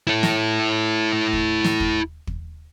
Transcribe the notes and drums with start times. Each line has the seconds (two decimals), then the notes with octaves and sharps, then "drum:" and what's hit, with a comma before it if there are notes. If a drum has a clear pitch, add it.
0.07 E4 A4
0.23 drum: snare
1.33 drum: kick
1.64 drum: snare
1.80 drum: kick
2.27 drum: kick